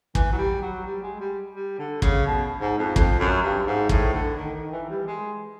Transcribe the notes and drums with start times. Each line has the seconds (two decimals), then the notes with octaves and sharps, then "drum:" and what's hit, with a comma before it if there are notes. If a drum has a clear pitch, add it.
0.15 E3, drum: kick
0.32 F#3
0.38 G3
0.61 F#3
0.85 G3
1.02 G#3
1.20 G3
1.55 G3
1.79 D3
2.02 C#3, drum: kick
2.26 B2
2.61 G#2
2.78 F2
2.96 F2, drum: kick
3.19 F#2
3.42 G2
3.66 G#2
3.89 A2, drum: kick
4.13 D3
4.36 D#3
4.54 D#3
4.72 E3
4.90 G3
5.07 G#3